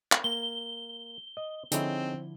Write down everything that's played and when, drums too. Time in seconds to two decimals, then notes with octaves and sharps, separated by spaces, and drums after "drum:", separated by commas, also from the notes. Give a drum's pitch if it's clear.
0.12 drum: clap
0.24 A#3 G7
1.37 D#5
1.72 D3 F3 C4 D#4 E4 G#4 C#5, drum: hi-hat